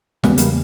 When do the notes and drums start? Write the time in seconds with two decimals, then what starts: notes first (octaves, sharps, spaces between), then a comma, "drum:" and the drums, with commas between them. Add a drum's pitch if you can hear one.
0.24 E2 C#3 G#3 B3, drum: snare
0.38 G3 A#3, drum: hi-hat